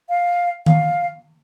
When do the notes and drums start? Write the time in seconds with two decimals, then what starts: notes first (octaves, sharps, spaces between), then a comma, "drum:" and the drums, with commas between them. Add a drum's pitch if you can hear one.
0.09 F5
0.66 F5, drum: tom D#3